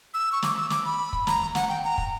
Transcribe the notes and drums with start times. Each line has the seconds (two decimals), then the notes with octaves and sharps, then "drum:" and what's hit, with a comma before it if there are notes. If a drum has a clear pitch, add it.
0.14 E6
0.32 C#6
0.43 D6, drum: snare
0.57 E6
0.70 D6, drum: snare
0.85 B5
1.13 drum: kick
1.27 A#5, drum: snare
1.55 F#5, drum: snare
1.69 G5
1.84 A#5
1.98 drum: kick